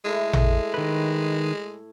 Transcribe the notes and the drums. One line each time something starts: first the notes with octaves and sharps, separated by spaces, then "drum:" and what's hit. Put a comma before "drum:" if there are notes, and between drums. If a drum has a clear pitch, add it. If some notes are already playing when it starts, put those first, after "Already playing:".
A2 G#3 E4
drum: tom A1
D#3 B4